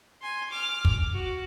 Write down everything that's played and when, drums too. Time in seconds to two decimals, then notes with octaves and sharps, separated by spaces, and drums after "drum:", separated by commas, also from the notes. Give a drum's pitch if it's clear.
0.22 G#5 C6
0.50 D6 F6
0.85 drum: kick
1.13 F#4